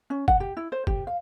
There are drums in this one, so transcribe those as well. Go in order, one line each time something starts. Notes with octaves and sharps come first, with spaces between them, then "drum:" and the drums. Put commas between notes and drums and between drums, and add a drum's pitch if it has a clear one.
C#4
F#5, drum: kick
G4
E4
C5
G4, drum: kick
F5